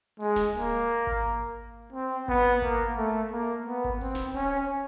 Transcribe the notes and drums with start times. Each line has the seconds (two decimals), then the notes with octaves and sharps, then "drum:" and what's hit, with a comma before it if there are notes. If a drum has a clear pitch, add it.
0.20 G#3, drum: open hi-hat
0.36 drum: snare D1
0.55 A#3
1.07 drum: kick G#1
1.93 C4
2.28 B3, drum: kick G#1
2.62 A#3, drum: kick G#1
2.97 A3
3.32 A#3
3.66 B3
3.84 drum: kick G#1
4.01 C4, drum: open hi-hat
4.15 drum: snare D1
4.35 C#4